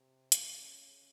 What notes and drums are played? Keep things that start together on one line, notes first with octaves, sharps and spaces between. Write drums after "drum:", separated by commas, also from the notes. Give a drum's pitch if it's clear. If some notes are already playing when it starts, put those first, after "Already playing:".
Already playing: C3
C#3, drum: hi-hat